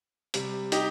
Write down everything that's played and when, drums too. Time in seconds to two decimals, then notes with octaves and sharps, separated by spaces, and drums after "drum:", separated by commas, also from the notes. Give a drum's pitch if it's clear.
0.34 C3 G3, drum: hi-hat
0.72 D#4 G4, drum: hi-hat